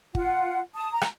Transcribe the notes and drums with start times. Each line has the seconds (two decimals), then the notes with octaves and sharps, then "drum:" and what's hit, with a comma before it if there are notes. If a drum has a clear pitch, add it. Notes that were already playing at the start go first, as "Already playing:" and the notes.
0.15 F4 F#5, drum: kick G1
0.75 A5 D#6
0.92 A#5
1.01 drum: rim click